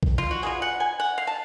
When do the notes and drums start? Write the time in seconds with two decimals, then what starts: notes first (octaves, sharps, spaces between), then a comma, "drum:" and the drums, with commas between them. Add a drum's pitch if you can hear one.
0.03 drum: kick A#1
0.18 F4
0.31 F#4
0.43 F#3 B3 F4 G#4
0.62 F#5
0.80 G#5
1.00 F#5
1.18 F5
1.27 A5